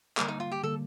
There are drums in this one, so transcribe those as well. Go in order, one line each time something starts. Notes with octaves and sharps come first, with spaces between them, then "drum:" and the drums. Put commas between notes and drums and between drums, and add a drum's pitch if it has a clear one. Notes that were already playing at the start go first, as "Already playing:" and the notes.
D3 G3 A#3 A#4, drum: clap
D#4
F4
G4
D3 G3 A#3 A4